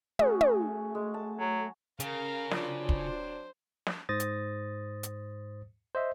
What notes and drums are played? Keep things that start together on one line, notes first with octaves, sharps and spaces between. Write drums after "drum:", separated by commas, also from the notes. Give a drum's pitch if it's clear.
A3 C#4 F#4 G#4, drum: tom
drum: tom
G#3
A5
F#3
C#3 A#4 F5, drum: hi-hat
F#3 C4 D4 F4, drum: snare
C5, drum: kick
drum: snare
G#2 C5 D#6 A6 A#6
drum: hi-hat
drum: hi-hat
C5 D#5 E5